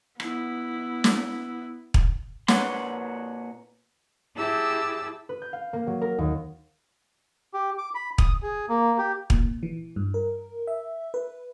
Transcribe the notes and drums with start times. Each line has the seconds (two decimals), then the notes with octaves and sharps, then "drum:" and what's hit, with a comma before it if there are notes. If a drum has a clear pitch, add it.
0.20 B3 E4, drum: rim click
1.04 drum: snare
1.94 drum: kick
2.48 A#2 B4 C#5 F#5 C6, drum: snare
4.35 E4 G4 G#4 A5 E6
5.29 B4
5.42 G6
5.53 F5
5.73 A#3
5.87 F#3
6.01 A#4
6.18 D#2
7.54 G4
7.78 D6
7.95 B5
8.18 D#6, drum: kick
8.42 G#4
8.69 A#3
8.98 G4
9.30 A#2, drum: kick
9.63 E3
9.96 G2
10.14 A#4
10.67 E5
11.14 B4